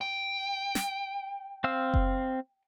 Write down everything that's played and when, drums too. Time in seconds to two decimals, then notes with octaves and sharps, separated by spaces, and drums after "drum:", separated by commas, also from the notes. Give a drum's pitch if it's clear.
0.01 G5
0.75 drum: snare
1.64 C4 F5 E6
1.94 drum: kick F#1